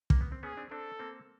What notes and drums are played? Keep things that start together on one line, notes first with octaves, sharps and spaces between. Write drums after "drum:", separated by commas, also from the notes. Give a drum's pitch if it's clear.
A#3, drum: kick
B3
C4
B3 C#4 G#4
C4 D4
C4 D4 A4
A#3 C4